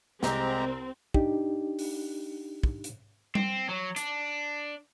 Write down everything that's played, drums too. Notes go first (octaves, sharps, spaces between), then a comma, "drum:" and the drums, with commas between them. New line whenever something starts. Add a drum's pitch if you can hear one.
C2 G#3 C4 G4 A#5, drum: snare
D4 D#4 G4, drum: kick
drum: open hi-hat
drum: kick
drum: hi-hat
C4, drum: tom G3
F#3
D4, drum: hi-hat